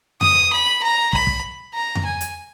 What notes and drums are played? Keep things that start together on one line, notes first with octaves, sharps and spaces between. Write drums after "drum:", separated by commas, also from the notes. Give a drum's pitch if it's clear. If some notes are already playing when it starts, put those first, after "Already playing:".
D#6, drum: tom F2
B5
A#5
B5, drum: kick
drum: kick
A#5
drum: tom F2
G#5
drum: hi-hat